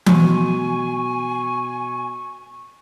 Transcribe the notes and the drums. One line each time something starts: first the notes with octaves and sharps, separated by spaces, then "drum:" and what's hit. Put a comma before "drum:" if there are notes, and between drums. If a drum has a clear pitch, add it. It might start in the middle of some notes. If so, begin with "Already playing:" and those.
B2 G#5 C6 C#6, drum: tom E3